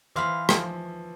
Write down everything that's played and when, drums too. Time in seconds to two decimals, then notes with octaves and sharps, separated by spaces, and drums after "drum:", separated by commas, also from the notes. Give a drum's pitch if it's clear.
0.16 E3 C5 F5 B5
0.49 F3, drum: rim click